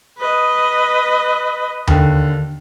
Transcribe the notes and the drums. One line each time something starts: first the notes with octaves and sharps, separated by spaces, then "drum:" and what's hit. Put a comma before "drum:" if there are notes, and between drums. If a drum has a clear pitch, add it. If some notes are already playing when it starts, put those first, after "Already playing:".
B4 D#5
D#2 D3, drum: tom D#2